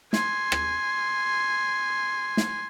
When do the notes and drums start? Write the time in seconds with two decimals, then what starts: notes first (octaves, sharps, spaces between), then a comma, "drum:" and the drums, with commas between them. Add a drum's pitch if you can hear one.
0.13 G#5 C6, drum: snare
0.52 drum: rim click
2.37 drum: snare